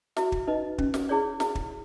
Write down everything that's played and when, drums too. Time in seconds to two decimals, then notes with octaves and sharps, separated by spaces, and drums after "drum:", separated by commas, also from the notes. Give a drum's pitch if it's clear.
0.17 E4 F#4 E5, drum: snare
0.32 drum: kick
0.47 D#4 B4 D#5
0.78 C#4, drum: kick
0.94 drum: snare
1.09 E4 G#4 C#5 D5
1.40 E4, drum: snare
1.55 drum: kick